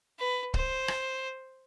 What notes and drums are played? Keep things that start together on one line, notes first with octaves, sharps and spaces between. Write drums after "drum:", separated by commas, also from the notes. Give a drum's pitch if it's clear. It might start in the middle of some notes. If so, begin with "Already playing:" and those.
B4
C5, drum: kick C#1
drum: rim click